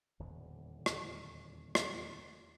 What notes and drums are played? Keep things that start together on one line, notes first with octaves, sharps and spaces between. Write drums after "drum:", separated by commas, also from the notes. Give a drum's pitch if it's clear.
D#1 E2 A2 D3
drum: rim click
drum: rim click